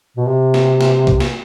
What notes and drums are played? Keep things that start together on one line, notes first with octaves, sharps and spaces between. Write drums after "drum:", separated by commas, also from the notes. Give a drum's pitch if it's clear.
B2
C3
drum: snare
drum: snare
drum: kick
drum: snare